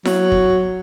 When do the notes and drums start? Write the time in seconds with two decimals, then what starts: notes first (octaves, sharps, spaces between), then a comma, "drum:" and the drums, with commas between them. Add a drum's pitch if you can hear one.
0.05 F#3, drum: snare E4
0.32 drum: kick